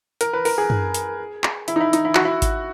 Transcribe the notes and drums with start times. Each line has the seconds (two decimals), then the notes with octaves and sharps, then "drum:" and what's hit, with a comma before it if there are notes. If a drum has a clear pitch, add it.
0.21 A#4, drum: hi-hat
0.33 B4
0.45 A#4, drum: open hi-hat
0.58 G#4
0.70 drum: tom F#2
0.94 drum: hi-hat
1.44 drum: clap
1.68 E4, drum: hi-hat
1.76 D#4
1.80 E4
1.93 D#4, drum: hi-hat
2.05 E4
2.15 F#4, drum: clap
2.25 E4
2.42 drum: kick G#1, hi-hat